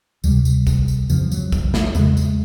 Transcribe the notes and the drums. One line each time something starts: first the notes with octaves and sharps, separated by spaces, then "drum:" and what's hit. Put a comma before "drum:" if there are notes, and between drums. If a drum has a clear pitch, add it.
D2 C3 G3, drum: tambourine
drum: tambourine
drum: kick, tambourine
drum: tambourine
F2 C#3 F3, drum: tambourine
F#3, drum: tambourine
drum: kick, tambourine
drum: snare
E2 C#3 G#3, drum: tambourine
drum: tambourine